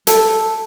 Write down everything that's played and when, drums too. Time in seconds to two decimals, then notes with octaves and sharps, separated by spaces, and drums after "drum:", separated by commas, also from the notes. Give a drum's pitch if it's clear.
0.07 A4, drum: hi-hat